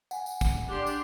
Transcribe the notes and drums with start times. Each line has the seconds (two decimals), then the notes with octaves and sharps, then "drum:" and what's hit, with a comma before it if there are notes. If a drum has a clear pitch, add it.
0.11 F#5 G#5, drum: tambourine
0.26 drum: tambourine
0.41 drum: kick, tambourine
0.68 D4 G4 C6
0.86 drum: tambourine